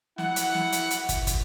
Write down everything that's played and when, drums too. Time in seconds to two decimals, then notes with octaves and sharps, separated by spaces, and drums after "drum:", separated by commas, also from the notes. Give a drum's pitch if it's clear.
0.18 E4 F#5, drum: snare
0.36 drum: hi-hat
0.54 drum: snare
0.73 drum: hi-hat
0.91 drum: hi-hat
1.09 drum: kick, hi-hat
1.27 drum: kick, hi-hat